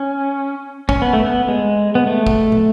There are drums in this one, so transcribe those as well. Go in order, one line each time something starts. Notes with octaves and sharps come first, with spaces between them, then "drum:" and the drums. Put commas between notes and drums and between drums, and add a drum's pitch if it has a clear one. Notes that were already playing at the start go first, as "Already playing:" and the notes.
Already playing: C#4
C#4, drum: kick
B3
A3
B3
G#3
B3
A3
drum: kick
drum: tom